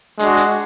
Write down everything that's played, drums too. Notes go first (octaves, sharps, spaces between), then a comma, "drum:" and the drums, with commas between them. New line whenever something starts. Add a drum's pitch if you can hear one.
G#3 D4 F#4, drum: hi-hat
drum: hi-hat